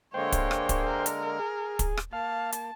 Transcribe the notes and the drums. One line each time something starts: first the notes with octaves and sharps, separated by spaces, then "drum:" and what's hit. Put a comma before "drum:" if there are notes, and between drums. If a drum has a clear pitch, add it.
D3 G#3 A#3 C5 C#5 G5
drum: kick, hi-hat
drum: rim click
drum: kick, hi-hat
A#4
drum: hi-hat
G#4
drum: kick, hi-hat
drum: rim click
A#3 F5 A5
drum: hi-hat